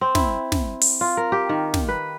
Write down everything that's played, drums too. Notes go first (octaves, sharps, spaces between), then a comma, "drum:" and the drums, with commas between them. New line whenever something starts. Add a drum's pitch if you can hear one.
C4
E4, drum: snare
drum: snare
drum: open hi-hat
F4
A#4
G4
D#3
drum: snare
B4